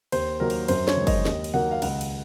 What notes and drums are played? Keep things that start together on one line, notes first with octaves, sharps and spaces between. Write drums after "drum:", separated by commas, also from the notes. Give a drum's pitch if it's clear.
D#2 C5, drum: cymbal
D#3 F#3 A#3 A#4
drum: cymbal
F#2 C5, drum: cymbal
C#5, drum: snare
D#3 G#3
D#5, drum: kick, cymbal
D#2 D#5, drum: snare
drum: cymbal
D#3 F#3 A#3 F#5
F5
C#2 F#5, drum: cymbal
drum: cymbal